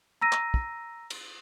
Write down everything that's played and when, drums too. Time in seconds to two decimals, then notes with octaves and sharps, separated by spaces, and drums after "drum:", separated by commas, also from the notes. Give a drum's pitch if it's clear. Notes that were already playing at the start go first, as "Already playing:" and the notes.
0.21 A#5 E6 A#6 D#7
0.32 drum: clap
0.54 drum: kick
1.10 drum: cymbal